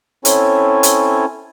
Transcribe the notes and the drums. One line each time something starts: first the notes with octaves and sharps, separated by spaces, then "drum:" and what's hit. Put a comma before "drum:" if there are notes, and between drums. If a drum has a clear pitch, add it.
C4 C#4 E4 A4 C#5 G#5, drum: hi-hat
drum: hi-hat